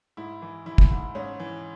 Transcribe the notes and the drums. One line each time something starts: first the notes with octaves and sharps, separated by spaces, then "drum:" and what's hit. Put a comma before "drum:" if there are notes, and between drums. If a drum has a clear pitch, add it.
G#2 E4
E3
E3 E4
drum: kick
G#2
G#2 C#4
E3